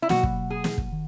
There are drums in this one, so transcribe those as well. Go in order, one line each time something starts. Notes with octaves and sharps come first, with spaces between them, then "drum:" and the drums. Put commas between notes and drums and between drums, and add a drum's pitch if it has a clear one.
E4
B2 F#3 A#3 F#4, drum: snare
drum: kick
G#4
drum: snare
drum: kick
D#3